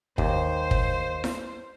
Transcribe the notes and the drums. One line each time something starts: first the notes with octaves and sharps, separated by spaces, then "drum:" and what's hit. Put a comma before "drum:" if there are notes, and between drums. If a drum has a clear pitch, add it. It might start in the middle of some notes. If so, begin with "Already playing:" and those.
D#2 C5, drum: kick
drum: kick
drum: snare E4